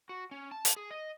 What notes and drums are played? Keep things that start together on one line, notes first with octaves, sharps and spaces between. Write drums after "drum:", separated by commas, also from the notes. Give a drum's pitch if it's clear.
F#4
C#4
A5
drum: hi-hat
G#4
D#5